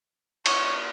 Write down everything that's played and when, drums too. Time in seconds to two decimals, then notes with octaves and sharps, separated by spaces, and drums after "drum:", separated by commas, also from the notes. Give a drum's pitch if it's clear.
0.46 C#5, drum: cymbal